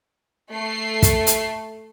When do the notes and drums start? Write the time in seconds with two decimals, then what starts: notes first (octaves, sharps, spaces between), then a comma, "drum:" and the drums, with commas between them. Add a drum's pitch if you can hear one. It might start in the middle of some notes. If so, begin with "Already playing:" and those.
0.54 A3 C7
1.02 drum: kick, hi-hat
1.27 drum: hi-hat